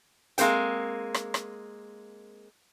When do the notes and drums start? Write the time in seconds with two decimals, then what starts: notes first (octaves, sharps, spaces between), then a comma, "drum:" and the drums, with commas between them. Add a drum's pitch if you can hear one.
0.38 G#3 A#3 C4 C5 G5, drum: hi-hat
1.14 drum: rim click
1.34 drum: rim click